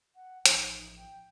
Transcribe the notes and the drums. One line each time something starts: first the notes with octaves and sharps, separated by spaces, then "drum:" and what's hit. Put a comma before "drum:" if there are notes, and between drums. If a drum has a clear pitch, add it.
F#5
A1 F3 D#4, drum: hi-hat
G5